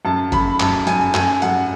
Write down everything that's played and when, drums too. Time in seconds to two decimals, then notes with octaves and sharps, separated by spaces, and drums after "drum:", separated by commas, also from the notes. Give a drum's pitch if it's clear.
0.05 F#2 A5
0.32 F#2 B5, drum: kick, hi-hat
0.60 F#2 A5, drum: clap
0.87 F#2 G#5, drum: hi-hat
1.14 F#2 G#5, drum: clap
1.42 F#2 F#5, drum: hi-hat